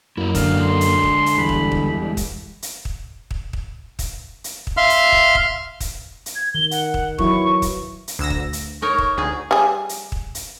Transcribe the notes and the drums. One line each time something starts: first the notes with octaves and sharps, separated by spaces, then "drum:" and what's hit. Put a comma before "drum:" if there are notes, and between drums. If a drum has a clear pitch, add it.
F#2 A#3 E4 D#5
D3 G#3 A4 D5 F5, drum: kick, hi-hat
C6
drum: hi-hat
drum: kick
drum: hi-hat
E2 G3 B5
drum: kick
drum: kick
drum: kick, hi-hat
drum: hi-hat
drum: kick
drum: kick
drum: kick
drum: kick, hi-hat
drum: hi-hat
drum: kick
E5 F5 C6 F6
drum: hi-hat
drum: kick
drum: kick
drum: kick, hi-hat
drum: hi-hat
G#6
D#3 G7
F#5, drum: hi-hat
drum: kick
E3 F#3 E4 C#6, drum: kick
drum: kick, hi-hat
drum: hi-hat
D2 E6 A#6
drum: kick
drum: hi-hat
D#4 A#4 C#5 C#6
drum: kick
D2 D#4 G#4
G3 G#4
drum: hi-hat
drum: kick
drum: hi-hat